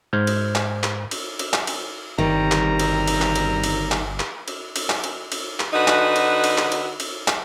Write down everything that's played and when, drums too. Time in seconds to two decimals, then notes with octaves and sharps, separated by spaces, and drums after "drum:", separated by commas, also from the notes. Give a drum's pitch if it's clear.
0.13 G#2 C5 F6 G6 G#6
0.27 drum: cymbal
0.55 drum: clap
0.83 drum: clap
1.11 drum: cymbal
1.39 drum: cymbal
1.53 drum: clap
1.67 drum: cymbal
2.18 G1 C3 D#3 G3 A#5
2.51 drum: clap
2.79 drum: cymbal
3.08 drum: cymbal
3.22 drum: clap
3.36 drum: cymbal
3.64 drum: cymbal
3.92 drum: clap
4.20 drum: clap
4.48 drum: cymbal
4.76 drum: cymbal
4.90 drum: clap
5.04 drum: cymbal
5.32 drum: cymbal
5.60 drum: clap
5.74 D3 D#4 F#4 B4
5.88 drum: clap
6.16 drum: cymbal
6.44 drum: cymbal
6.58 drum: clap
6.72 drum: cymbal
7.00 drum: cymbal
7.28 drum: clap